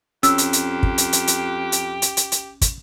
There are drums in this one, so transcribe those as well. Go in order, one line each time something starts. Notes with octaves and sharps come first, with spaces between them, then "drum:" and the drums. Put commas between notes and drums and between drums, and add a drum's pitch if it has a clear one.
F2 C#4 G4 E6, drum: hi-hat
drum: hi-hat
drum: hi-hat
drum: kick
drum: hi-hat
drum: hi-hat
drum: hi-hat
drum: hi-hat
drum: hi-hat
drum: hi-hat
drum: hi-hat
drum: kick, hi-hat